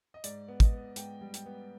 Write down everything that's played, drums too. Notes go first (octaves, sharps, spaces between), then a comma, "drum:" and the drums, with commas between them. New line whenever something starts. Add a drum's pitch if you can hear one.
D#5
G#2 D5, drum: hi-hat
B3
D#5, drum: kick, hi-hat
B3
G#2 G5, drum: hi-hat
G3
G5, drum: hi-hat
B3